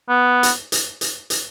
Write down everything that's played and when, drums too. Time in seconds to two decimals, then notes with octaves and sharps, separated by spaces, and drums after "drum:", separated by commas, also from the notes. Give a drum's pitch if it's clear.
0.09 B3
0.43 drum: hi-hat
0.72 drum: hi-hat
1.01 drum: hi-hat
1.30 drum: hi-hat